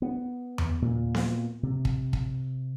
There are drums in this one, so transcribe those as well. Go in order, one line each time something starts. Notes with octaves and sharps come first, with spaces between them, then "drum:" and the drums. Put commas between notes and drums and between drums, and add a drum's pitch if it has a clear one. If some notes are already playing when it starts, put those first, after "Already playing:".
B3
drum: tom E2
A#2
drum: snare B3
C3
drum: kick
drum: kick